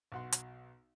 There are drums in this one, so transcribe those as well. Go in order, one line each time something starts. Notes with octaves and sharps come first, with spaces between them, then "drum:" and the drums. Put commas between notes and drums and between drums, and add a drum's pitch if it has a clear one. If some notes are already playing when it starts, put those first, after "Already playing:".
B1 F#4 C6
drum: hi-hat